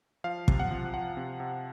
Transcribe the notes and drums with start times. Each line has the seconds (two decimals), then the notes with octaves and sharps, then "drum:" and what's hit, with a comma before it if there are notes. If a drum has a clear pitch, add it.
0.24 F3 F5
0.48 C3, drum: kick
0.59 F#5
0.71 F3
0.94 F3 F#5
1.17 C3
1.40 C3